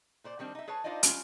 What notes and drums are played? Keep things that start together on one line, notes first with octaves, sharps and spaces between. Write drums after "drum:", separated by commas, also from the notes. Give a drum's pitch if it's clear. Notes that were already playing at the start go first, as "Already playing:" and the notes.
A#2 C5 D5
D#3 G3 C4 D4
D#4 E5
G#4 B4 C#5 A5
D4 D#4 F4 C5 D5 D#5
G3 C#4 F4, drum: hi-hat